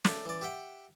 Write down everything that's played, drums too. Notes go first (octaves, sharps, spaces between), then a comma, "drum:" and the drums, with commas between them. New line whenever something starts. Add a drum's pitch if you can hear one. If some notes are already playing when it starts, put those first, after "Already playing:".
A3 D5, drum: snare
E3 D5
G4 E5 F#5 G5